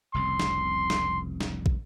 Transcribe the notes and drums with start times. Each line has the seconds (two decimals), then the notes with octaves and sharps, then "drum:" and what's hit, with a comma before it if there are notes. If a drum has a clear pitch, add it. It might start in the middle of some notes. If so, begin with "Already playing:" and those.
0.14 F1 C2 C#3 C6
0.39 drum: snare
0.90 drum: snare
1.40 drum: snare
1.66 drum: kick